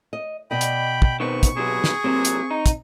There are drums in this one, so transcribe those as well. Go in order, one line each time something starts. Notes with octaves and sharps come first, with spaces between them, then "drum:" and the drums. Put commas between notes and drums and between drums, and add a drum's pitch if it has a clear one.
D#5
B2 D5 D#5 G5 B5
drum: hi-hat
drum: kick
D#3 B3 C4 C#6
drum: kick, hi-hat
C3 F#3 B3 G#4
drum: snare
C3 F#3 A#3 C4
drum: hi-hat
D#4
drum: kick, hi-hat